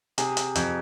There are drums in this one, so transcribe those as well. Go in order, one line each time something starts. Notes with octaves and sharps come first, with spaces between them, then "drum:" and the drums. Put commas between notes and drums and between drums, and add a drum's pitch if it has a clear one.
C3 G#4, drum: hi-hat
drum: hi-hat
F2, drum: hi-hat